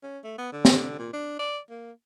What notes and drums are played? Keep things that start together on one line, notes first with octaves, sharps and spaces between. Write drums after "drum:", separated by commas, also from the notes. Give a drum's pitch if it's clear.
C#4
A3
B3
D3
drum: snare
A#2
D4
D5
A#3